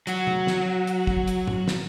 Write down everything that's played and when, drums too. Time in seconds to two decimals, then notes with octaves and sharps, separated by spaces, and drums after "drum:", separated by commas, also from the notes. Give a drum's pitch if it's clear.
0.07 F#3 F#4, drum: hi-hat
0.27 drum: tom C3
0.47 drum: snare
0.87 drum: hi-hat
1.07 drum: kick
1.27 drum: hi-hat
1.48 drum: tom A2
1.68 drum: snare